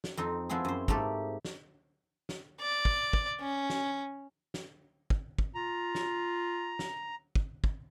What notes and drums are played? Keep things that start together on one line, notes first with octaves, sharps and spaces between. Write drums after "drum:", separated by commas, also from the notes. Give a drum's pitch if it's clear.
drum: snare
F2 C4 D#4
F3 B3 C4 E4 G#4
F#2 C5
G#2 A3 A#3 G4 A4, drum: kick
drum: snare
drum: snare
D5
drum: kick
drum: kick
C#4
drum: snare
drum: snare
drum: kick
drum: kick
F4 A#5
drum: snare
drum: snare
drum: kick
drum: kick